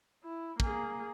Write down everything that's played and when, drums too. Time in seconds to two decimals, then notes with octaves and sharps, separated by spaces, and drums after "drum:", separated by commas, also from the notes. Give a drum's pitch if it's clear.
0.24 E4
0.60 A#3 G#4, drum: kick